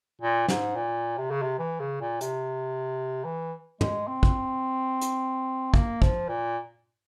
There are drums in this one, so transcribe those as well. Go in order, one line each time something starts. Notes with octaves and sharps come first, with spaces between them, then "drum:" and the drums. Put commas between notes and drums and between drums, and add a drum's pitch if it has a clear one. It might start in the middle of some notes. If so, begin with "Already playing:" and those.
A#2
G#2, drum: snare
A#2
C3
C#3
C3
E3
C#3
A#2
C3, drum: hi-hat
E3
G#3, drum: tom
C4
drum: kick
drum: hi-hat
A#3, drum: kick
F3, drum: kick
A#2